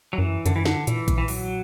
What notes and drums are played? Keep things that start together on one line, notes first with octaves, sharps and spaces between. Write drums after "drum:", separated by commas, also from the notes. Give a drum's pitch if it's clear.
F#3
F#2 E3
F#2 D3, drum: hi-hat
E3
D3, drum: snare
A#2 E3, drum: hi-hat
drum: kick A#1, hi-hat
E3
F#3, drum: open hi-hat